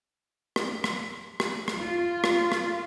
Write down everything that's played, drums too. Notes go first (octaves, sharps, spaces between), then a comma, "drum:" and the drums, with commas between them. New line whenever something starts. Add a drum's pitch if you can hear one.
drum: rim click
drum: rim click
drum: rim click
drum: rim click
F4
drum: rim click
drum: rim click